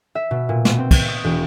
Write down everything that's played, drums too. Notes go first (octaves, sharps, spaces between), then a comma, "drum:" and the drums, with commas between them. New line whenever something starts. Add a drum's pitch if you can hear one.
E5
B2
A#2
B2, drum: snare
C4
C#6, drum: kick, cymbal
D#6
E1